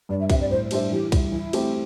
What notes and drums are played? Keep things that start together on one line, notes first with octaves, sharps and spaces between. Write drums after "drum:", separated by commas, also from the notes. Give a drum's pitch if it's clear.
G2 D5
E5
G3 C4 E5, drum: kick B1, cymbal
D5
A2 C5
G3 D4 G4 C5 E5, drum: cymbal
E3 G4
G3 E4, drum: kick B1, cymbal
E3 E4
A3 C4 G4, drum: cymbal